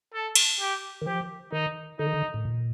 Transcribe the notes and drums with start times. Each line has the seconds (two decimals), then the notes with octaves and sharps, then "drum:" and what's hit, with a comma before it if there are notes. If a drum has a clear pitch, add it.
0.14 A4
0.35 drum: cymbal
0.60 G4
1.02 D#3
1.06 F3 G4
1.52 D#3 D#4
1.99 D3 D#4
2.07 D#3
2.13 D3
2.34 A2
2.45 A#2